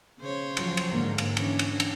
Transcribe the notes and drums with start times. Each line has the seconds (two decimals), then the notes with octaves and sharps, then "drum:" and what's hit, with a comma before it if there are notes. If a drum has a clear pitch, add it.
0.20 C#3 C5 C#5
0.57 F3 F#3, drum: cymbal
0.77 drum: cymbal
0.91 G#2 D3 A#3
1.18 drum: cymbal
1.37 E3 C#4 D4 C#5, drum: cymbal
1.59 drum: cymbal
1.80 drum: cymbal